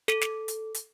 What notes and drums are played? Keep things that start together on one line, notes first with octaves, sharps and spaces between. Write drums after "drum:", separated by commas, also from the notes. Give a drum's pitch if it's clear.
A4, drum: snare
drum: snare
drum: hi-hat
drum: hi-hat